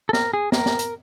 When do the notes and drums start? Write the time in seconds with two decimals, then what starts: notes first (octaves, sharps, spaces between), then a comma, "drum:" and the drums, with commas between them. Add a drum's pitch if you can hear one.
0.09 A4
0.13 A#4, drum: snare
0.34 G#4
0.52 A#4, drum: snare
0.66 drum: snare
0.79 drum: hi-hat